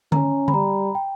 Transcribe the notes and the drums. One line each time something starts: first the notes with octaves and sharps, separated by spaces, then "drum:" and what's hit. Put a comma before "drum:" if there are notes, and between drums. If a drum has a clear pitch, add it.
C#4 A#5, drum: tom D3
B5, drum: tom D3
G3 A#5
G5